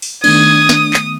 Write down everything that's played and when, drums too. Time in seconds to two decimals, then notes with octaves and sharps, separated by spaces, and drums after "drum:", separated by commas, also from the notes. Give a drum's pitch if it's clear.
0.02 drum: open hi-hat
0.24 D#3 A3 B3 D4 D#6 G#6, drum: cymbal
0.69 drum: snare
0.94 drum: clap